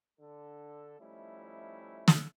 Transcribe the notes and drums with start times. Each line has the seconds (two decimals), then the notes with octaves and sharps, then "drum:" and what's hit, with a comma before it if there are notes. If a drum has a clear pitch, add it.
0.20 D3 A4
1.00 F3 G3 A3 C#4 D#4 E4
2.08 drum: snare